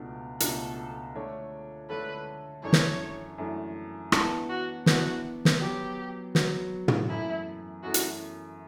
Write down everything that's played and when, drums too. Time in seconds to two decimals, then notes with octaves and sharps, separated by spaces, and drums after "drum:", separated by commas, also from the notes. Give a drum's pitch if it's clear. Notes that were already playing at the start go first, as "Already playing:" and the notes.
Already playing: C#2 B2 A3 D4
0.40 C#2 B2 A3 D4 A4, drum: hi-hat
1.15 D3 A3 D4 A4 C#5
1.89 D3 A3 D4 A4 B4 C#5
2.63 F#2 E3 A3 D4 C#5
2.73 drum: snare
3.38 F#2 E3 A3 D4
4.12 E3 B3 D4 A4, drum: rim click
4.49 F#4
4.86 E3 B3 D4 F#4, drum: snare
5.45 drum: snare
5.60 F#3 B3 F#4 G4
6.35 F#3 B3 F#4, drum: snare
6.88 drum: tom
7.09 F#2 E3 A3 E4
7.83 F#2 E3 A3 F#4
7.94 drum: hi-hat